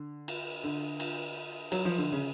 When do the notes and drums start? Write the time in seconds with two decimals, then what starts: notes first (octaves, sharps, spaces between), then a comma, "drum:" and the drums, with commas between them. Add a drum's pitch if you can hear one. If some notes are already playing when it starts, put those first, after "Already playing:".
Already playing: D3
0.28 drum: cymbal
0.64 D3
1.00 drum: cymbal
1.72 F#3, drum: cymbal
1.85 F3
1.98 D3
2.12 C#3